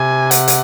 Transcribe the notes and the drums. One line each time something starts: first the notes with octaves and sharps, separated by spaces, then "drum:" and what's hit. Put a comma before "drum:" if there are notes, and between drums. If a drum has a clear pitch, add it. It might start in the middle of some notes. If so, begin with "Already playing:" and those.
Already playing: C3 G#5
F#5, drum: hi-hat
drum: hi-hat